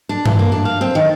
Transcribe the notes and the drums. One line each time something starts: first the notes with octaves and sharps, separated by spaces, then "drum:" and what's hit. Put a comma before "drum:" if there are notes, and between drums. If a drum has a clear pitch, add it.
D4
E3, drum: tom G2
A#3
D4
F5
C4
D#3